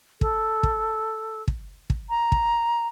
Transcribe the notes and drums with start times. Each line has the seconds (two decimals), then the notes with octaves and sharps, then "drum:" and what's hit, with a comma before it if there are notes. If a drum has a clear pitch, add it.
0.21 A4, drum: kick
0.63 drum: kick
1.48 drum: kick
1.90 drum: kick
2.10 A#5
2.32 drum: kick